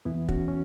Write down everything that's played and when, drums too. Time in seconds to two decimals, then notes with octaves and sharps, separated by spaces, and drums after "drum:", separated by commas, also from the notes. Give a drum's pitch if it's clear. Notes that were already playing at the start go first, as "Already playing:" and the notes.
0.05 E2 E3 B3 E4
0.29 C#4 F#4, drum: kick
0.48 C#4